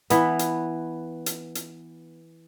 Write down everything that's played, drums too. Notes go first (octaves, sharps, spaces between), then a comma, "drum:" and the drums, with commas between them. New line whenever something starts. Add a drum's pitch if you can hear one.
E3 B3, drum: hi-hat
drum: hi-hat
drum: hi-hat
drum: hi-hat